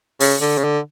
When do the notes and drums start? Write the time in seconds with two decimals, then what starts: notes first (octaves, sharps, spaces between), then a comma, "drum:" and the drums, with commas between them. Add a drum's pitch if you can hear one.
0.20 C#3, drum: open hi-hat
0.41 D3
0.58 C#3
0.64 D3